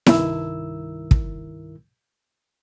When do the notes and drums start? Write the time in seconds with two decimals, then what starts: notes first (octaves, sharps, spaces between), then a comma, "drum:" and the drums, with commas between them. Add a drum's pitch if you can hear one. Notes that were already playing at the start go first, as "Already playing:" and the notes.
0.06 C2 G2 D#3 E4 A#4 E6, drum: snare E4
1.11 drum: kick